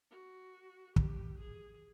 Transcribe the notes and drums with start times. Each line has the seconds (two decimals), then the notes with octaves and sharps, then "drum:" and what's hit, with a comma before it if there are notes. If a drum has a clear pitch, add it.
0.11 F#4
0.96 G4, drum: kick
1.39 G#4